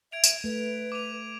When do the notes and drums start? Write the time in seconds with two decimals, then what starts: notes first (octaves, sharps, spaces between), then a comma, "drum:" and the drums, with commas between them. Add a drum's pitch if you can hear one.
0.12 E5 G#6 D7 F7
0.24 drum: tambourine
0.44 A3 B4
0.92 D6 D#7 F7